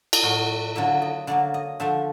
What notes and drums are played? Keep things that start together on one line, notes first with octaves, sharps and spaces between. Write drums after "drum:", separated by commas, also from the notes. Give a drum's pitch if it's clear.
drum: cymbal
A2 F#3 A3
D3 F#3 A#3 E5
D#5
D3 F#3 A#3 D5
D#5
D3 F3 A3 E5